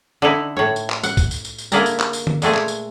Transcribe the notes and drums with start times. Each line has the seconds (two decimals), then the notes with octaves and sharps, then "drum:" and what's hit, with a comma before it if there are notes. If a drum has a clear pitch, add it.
0.22 D3 D#4 E4
0.57 A2 C#5
0.76 drum: tambourine
0.90 drum: clap
1.03 F#5, drum: tambourine
1.17 drum: kick, tambourine
1.31 drum: tambourine
1.45 drum: tambourine
1.58 drum: tambourine
1.72 D3 A#3 E4 G#4 A5 A#5, drum: tambourine
1.86 drum: tambourine
1.99 drum: clap
2.13 drum: tambourine
2.27 drum: tom D3
2.42 A#2 G#3 A3 G#4, drum: tambourine
2.54 drum: clap
2.68 drum: tambourine